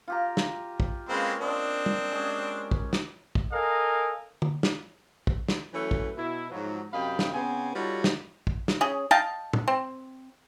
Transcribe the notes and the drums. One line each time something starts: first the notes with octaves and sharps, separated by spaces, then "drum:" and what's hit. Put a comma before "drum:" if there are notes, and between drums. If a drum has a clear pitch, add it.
F4 G4 A#5
drum: snare
drum: kick
G#3 A#3 C4 C#4 B4
C4 D4 C5 D#5
drum: tom
G#3 C#4 G4
drum: kick
drum: snare
drum: kick
A4 A#4 D#5 F5 G#5
drum: tom
drum: snare
drum: kick
drum: snare
E3 F#3 A3 C#4 B4
drum: kick
B2 E4
G#2 F3 F#3
F#2 C3 D#5 F5 G5 B5
drum: snare
C#3 B3 C4 G#5
G3 D#4 F4 F#4 A4 C#5
drum: snare
drum: kick
drum: snare
C#4 G#4
D#5 F5 G5 A5
drum: tom
C4